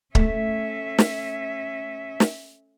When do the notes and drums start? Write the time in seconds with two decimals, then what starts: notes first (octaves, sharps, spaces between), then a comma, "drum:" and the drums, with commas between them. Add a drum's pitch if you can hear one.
0.15 A3 C#4 E5, drum: kick
0.98 drum: snare
2.20 drum: snare